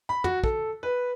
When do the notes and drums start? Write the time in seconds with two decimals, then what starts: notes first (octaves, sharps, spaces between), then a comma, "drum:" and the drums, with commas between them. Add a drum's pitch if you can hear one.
0.09 B5
0.24 F#4, drum: tom
0.44 A4, drum: kick
0.83 B4